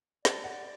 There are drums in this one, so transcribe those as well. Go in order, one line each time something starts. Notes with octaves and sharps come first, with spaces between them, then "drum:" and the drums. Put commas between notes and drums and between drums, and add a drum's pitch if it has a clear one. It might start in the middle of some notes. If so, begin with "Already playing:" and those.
D5 A5, drum: snare
D5 F#5